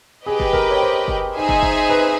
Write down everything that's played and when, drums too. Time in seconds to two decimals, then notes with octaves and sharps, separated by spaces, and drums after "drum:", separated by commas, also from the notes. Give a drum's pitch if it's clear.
0.26 G4 G#4 B4 D#5 G5
0.40 drum: kick
0.53 A#4, drum: kick
0.71 C#5
0.81 C5
1.08 drum: kick
1.35 D#4 G#4 C5 E5 G#5
1.49 drum: kick
1.62 drum: kick
1.90 B4